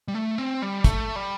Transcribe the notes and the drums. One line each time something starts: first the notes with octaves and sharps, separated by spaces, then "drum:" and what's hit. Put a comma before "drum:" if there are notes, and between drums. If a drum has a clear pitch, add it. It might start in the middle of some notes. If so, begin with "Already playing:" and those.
G3
A3
C4
G3
A3, drum: kick, hi-hat
G3